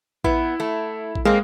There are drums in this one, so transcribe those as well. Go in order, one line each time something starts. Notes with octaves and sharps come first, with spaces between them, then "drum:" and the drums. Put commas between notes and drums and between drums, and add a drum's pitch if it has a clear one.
B3 E4, drum: kick A#1
A3
drum: kick A#1
G#3 A#3 C4